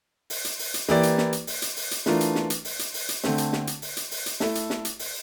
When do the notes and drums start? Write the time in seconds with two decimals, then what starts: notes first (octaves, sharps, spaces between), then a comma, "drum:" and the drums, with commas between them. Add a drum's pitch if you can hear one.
0.30 drum: open hi-hat
0.45 drum: hi-hat
0.59 drum: open hi-hat
0.74 drum: hi-hat
0.89 E3 A#3 E4 G4 D5, drum: snare
1.03 drum: hi-hat
1.18 drum: snare
1.33 drum: hi-hat
1.47 drum: open hi-hat
1.62 drum: hi-hat
1.77 drum: open hi-hat
1.91 drum: hi-hat
2.06 E3 A3 D4 F4 A#4, drum: snare
2.21 drum: hi-hat
2.35 drum: snare
2.50 drum: hi-hat
2.65 drum: open hi-hat
2.79 drum: hi-hat
2.94 drum: open hi-hat
3.09 drum: hi-hat
3.24 D3 A3 C4, drum: snare
3.38 drum: hi-hat
3.53 drum: snare
3.67 drum: hi-hat
3.82 drum: open hi-hat
3.97 drum: hi-hat
4.11 drum: open hi-hat
4.26 drum: hi-hat
4.40 A3 E4 A4 E5, drum: snare
4.55 drum: hi-hat
4.70 drum: snare
4.85 drum: hi-hat
4.99 drum: open hi-hat